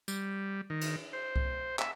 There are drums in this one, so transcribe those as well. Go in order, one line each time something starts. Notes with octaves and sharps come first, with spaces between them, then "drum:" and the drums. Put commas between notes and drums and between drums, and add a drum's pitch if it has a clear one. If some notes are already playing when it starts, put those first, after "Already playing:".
G3, drum: tambourine
D#3
drum: cymbal
C5
drum: kick C2
E5, drum: clap